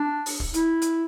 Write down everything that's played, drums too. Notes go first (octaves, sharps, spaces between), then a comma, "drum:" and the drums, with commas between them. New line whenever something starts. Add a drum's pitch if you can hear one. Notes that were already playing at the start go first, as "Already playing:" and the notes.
Already playing: D4
drum: open hi-hat
drum: kick
E4, drum: hi-hat
drum: hi-hat